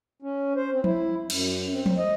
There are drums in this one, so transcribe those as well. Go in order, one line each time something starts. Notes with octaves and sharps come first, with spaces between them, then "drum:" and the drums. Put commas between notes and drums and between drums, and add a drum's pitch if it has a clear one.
C#4
C5
C4
E4, drum: tom F3
F#2, drum: cymbal
C4
drum: tom F3
D#5